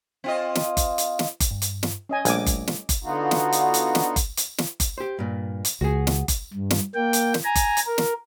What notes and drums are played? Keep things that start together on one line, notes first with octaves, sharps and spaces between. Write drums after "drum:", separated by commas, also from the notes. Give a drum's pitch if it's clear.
C4 F4 D#5
drum: snare
drum: kick F#1, hi-hat
drum: hi-hat
drum: snare
drum: kick F#1, hi-hat
G2
drum: hi-hat
drum: snare
C#4 D#5 G#5
A#1 G3 A3 G#5 D6, drum: hi-hat
drum: kick F#1, hi-hat
drum: snare
drum: kick F#1, hi-hat
D3 B3 D#4 F4 F#4
drum: snare
drum: hi-hat
drum: hi-hat
drum: snare
drum: kick F#1, hi-hat
drum: hi-hat
drum: snare
drum: kick F#1, hi-hat
G4 C5
G2 A#2
drum: hi-hat
C#2 F#4 G#4
drum: snare
drum: kick F#1, hi-hat
G2
drum: snare
A#3 G5
drum: hi-hat
drum: snare
G#5 A#5
drum: kick F#1, hi-hat
drum: hi-hat
A#4
drum: snare